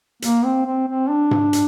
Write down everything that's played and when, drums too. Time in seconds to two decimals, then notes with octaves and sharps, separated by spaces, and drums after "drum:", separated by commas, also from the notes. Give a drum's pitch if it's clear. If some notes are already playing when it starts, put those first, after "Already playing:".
0.22 A#3, drum: hi-hat
0.44 C4
0.66 C4
0.88 C4
1.09 D4
1.31 drum: tom G#2
1.53 drum: hi-hat